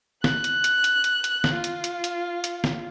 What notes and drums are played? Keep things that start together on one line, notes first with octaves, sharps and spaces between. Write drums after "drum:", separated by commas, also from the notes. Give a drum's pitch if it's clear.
F#6, drum: snare
drum: hi-hat
drum: hi-hat
drum: hi-hat
drum: hi-hat
drum: hi-hat
drum: snare
F4
drum: hi-hat
drum: hi-hat
drum: hi-hat
drum: hi-hat
drum: snare